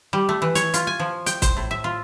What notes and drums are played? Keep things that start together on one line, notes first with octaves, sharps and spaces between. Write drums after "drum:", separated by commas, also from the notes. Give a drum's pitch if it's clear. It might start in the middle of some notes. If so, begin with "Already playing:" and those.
G3
A3
E3
C#5, drum: hi-hat
F4, drum: hi-hat
G#5
F3
G5, drum: hi-hat
C5, drum: kick, hi-hat
A2
E5
F4